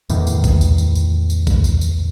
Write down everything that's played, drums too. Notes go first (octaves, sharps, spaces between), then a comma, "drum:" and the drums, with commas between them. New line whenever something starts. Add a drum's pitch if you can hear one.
E2 A2 D#3, drum: tambourine
drum: tambourine
drum: kick A#1, tambourine
drum: tambourine
drum: tambourine
drum: tambourine
drum: tambourine
drum: kick A#1, tambourine
drum: tambourine
drum: tambourine